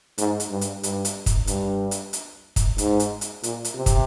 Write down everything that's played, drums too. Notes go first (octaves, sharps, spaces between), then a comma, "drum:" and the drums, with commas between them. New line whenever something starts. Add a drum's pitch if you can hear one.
G#2, drum: hi-hat
drum: hi-hat
G2
drum: hi-hat
G2, drum: hi-hat
drum: hi-hat
drum: kick, hi-hat
G2, drum: hi-hat
drum: hi-hat
drum: hi-hat
drum: kick, hi-hat
G#2, drum: hi-hat
drum: hi-hat
drum: hi-hat
A#2, drum: hi-hat
drum: hi-hat
C3
drum: kick, hi-hat